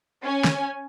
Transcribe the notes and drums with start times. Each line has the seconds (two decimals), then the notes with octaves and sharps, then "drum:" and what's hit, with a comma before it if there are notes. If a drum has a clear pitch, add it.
0.23 C#4 G#5
0.44 drum: snare